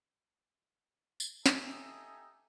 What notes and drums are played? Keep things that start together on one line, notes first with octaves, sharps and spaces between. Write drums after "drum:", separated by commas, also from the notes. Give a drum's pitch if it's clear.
drum: tambourine
D#4 G4 A4 E5 G#5 D#6, drum: snare